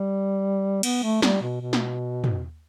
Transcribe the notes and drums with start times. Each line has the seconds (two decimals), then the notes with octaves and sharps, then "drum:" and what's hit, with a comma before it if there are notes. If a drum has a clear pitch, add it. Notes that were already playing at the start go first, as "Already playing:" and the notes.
Already playing: G3
0.83 B3, drum: cymbal
1.03 A3
1.22 G3, drum: snare
1.41 B2
1.61 B2
1.73 drum: snare
2.24 drum: tom